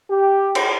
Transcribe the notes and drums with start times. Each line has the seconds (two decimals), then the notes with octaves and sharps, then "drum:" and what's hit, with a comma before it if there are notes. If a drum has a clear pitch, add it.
0.11 G4
0.55 drum: cymbal